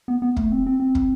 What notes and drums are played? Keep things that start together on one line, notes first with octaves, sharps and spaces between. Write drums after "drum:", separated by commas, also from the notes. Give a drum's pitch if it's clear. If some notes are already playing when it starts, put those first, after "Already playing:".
B3
B3
A3, drum: kick
C4
C4
C4
drum: kick